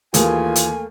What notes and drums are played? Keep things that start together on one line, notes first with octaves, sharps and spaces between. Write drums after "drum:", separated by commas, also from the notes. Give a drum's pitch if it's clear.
D#2 E3 A3 A#3 F4 G#4 G#5, drum: hi-hat
drum: hi-hat